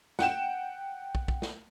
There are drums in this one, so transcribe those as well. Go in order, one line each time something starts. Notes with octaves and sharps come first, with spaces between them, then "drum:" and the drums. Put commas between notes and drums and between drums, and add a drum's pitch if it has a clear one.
F#5 G5 E7, drum: snare
drum: kick
drum: kick
drum: snare